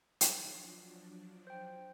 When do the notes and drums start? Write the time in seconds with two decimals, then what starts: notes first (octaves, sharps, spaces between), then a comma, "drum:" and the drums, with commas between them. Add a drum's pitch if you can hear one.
0.21 F3 F#3 D4, drum: hi-hat
1.47 C5 G5